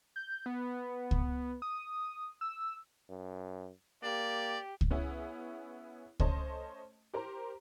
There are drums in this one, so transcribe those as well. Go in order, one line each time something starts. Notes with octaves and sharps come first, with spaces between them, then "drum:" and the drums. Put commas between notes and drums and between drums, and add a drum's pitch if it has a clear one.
G6
B3
drum: kick C#2
D#6
E6
F#2
A#3 G4 D5
drum: kick C#2
B3 C#4 E4 G#4
A3 C#4 C5 D#5 A5, drum: kick C#2
G4 A#4 C5 A#5